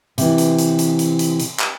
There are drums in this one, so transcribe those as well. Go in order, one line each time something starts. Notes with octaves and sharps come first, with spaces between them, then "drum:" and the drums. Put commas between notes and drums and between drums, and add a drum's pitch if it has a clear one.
C3 E3, drum: hi-hat
drum: hi-hat
drum: hi-hat
drum: hi-hat
drum: hi-hat
drum: hi-hat
drum: hi-hat
drum: clap